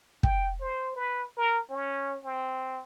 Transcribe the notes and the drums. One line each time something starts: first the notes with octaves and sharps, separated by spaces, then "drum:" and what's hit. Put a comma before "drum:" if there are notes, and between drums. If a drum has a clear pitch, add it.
G5, drum: kick
C5
B4
A#4
C#4
C4